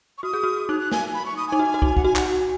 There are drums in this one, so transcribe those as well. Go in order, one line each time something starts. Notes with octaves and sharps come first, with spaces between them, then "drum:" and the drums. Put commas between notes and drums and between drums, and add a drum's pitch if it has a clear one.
C#6
F#4 D#6
G#4
F#4
D#4 F#6
F#6
G#5, drum: snare
B5
C#6
D#6
D#4 G#5
F#4
F#4
D#4, drum: kick
F#5, drum: kick
F#4 G#5
F#5, drum: clap
F#5
G#5